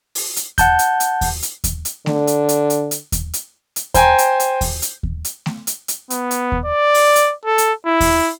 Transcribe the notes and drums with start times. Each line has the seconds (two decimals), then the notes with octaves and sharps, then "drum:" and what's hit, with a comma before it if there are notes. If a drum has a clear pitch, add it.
0.15 drum: open hi-hat
0.36 drum: hi-hat
0.58 F#5 A5 G6, drum: kick D#2, hi-hat
0.79 drum: hi-hat
1.00 drum: hi-hat
1.21 drum: kick D#2, open hi-hat
1.42 drum: hi-hat
1.64 drum: kick D#2, hi-hat
1.85 drum: hi-hat
2.06 D3, drum: snare A3
2.27 drum: hi-hat
2.49 drum: hi-hat
2.70 drum: hi-hat
2.91 drum: hi-hat
3.12 drum: kick D#2, hi-hat
3.33 drum: hi-hat
3.76 drum: hi-hat
3.94 C5 G5 G#5 A#5, drum: kick D#2, hi-hat
4.18 drum: hi-hat
4.40 drum: hi-hat
4.61 drum: kick D#2, open hi-hat
4.82 drum: hi-hat
5.03 drum: kick D#2
5.25 drum: hi-hat
5.46 drum: snare A3
5.67 drum: hi-hat
5.88 drum: hi-hat
6.10 B3, drum: hi-hat
6.31 drum: hi-hat
6.52 drum: kick D#2
6.65 D5
6.94 drum: open hi-hat
7.16 drum: hi-hat
7.45 A4
7.58 drum: hi-hat
7.85 E4
8.00 drum: kick D#2, open hi-hat